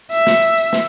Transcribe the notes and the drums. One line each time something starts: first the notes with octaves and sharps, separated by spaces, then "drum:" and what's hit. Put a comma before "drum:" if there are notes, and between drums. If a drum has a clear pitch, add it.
E5, drum: tambourine
drum: snare
drum: tambourine
drum: tambourine
drum: snare